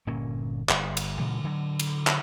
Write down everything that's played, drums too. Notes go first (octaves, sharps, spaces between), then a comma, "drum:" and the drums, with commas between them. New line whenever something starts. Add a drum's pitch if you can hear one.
G1 A#2 A#3 C#4
G1, drum: clap
drum: cymbal
A#2 C#3 E3 G#3
D3 F#3
drum: cymbal
drum: clap